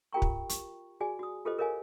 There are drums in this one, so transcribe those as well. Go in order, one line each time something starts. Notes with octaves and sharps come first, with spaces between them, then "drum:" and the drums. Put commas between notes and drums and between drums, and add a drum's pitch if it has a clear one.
F4 G4 A#4 G5 A#5 C#6
drum: kick
C#6, drum: hi-hat
F#4 G#4 D5 G#5
F#4 D#6
F4 G4 A4 B4 C5 D#5
G#4 A#4 C#5 D#5 F5 G#5